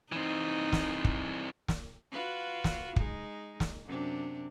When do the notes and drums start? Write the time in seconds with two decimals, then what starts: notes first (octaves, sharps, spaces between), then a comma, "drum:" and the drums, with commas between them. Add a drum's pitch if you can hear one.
0.12 E3 C4 D#4
0.73 drum: snare
1.04 drum: kick
1.68 drum: snare
2.11 F4 F#4 B4
2.64 drum: snare
2.96 G#3 D#4, drum: kick
3.60 drum: snare
3.86 F#2 C3 D4